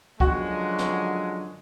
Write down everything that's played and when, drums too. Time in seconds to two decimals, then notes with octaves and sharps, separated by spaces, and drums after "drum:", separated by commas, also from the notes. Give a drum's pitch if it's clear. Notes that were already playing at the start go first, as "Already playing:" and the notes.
0.20 F#2 D3 F3 G#3 F#4, drum: kick
0.78 drum: snare